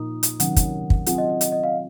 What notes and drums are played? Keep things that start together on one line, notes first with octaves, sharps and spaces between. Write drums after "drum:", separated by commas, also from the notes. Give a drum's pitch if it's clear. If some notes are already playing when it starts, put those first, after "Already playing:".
Already playing: A#2 F3 A#3 D#4 D#6
drum: hi-hat
C3 D#3 F#3 C#4 F#5, drum: hi-hat
drum: kick, hi-hat
drum: kick
F#3 C4 F4 G#4 F#5, drum: hi-hat
D#5
D#5
D#5, drum: hi-hat
D#5
F5